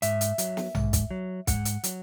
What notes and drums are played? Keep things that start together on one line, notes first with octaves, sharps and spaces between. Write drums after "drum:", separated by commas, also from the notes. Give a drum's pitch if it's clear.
G#2 E5, drum: hi-hat
drum: hi-hat
F#3, drum: hi-hat
drum: snare
G#2, drum: tom A#1
drum: kick, hi-hat
F#3
G#2 F#5, drum: kick, hi-hat
drum: hi-hat
F#3, drum: hi-hat